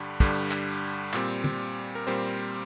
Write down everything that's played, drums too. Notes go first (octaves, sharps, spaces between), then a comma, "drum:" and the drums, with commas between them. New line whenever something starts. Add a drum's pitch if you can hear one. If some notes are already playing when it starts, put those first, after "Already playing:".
Already playing: G2 D3 G3
G2 D3 G3, drum: kick
drum: clap
A#2 G3 C4, drum: clap
drum: tom
A#4
A#2 G3 C4 C5